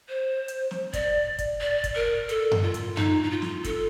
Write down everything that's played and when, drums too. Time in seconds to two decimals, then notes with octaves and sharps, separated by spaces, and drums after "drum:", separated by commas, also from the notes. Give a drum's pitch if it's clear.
0.09 C5
0.48 drum: hi-hat
0.71 drum: snare
0.93 D5, drum: kick, hi-hat
1.38 drum: kick, hi-hat
1.61 D5
1.84 drum: kick, hi-hat
1.95 A#4
2.29 A4, drum: hi-hat
2.51 drum: tom F#2
2.62 F4
2.74 drum: hi-hat
2.97 D#4, drum: tom F#2
3.23 D#4
3.30 F4
3.42 drum: snare
3.64 A4, drum: kick, hi-hat